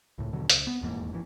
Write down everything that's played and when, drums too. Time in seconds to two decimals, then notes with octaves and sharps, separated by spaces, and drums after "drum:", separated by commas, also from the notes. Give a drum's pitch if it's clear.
0.18 C#2 A2
0.33 D#2 B2 D3 F#3
0.50 C#2, drum: hi-hat
0.67 B3
0.81 D#1 E2 G#2 A#3
1.12 G#1 F2 C3 E3